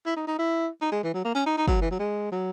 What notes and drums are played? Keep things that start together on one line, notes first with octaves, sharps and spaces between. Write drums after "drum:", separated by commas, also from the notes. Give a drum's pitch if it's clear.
E4
D#4
D#4
E4
D#4
G#3
E3
F#3
A#3
C#4
D#4
D#4
F#3, drum: kick
E3
F#3
G#3
F#3